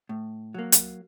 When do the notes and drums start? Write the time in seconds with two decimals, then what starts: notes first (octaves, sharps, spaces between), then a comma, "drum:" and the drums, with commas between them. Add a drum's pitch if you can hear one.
0.09 A2
0.54 F#3 A#3
0.72 drum: hi-hat